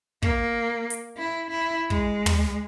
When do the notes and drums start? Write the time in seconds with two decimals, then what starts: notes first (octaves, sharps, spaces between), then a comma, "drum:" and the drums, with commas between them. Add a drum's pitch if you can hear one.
0.22 A#3, drum: kick
0.90 drum: hi-hat
1.18 E4
1.51 E4
1.90 G#3, drum: kick
2.26 drum: tom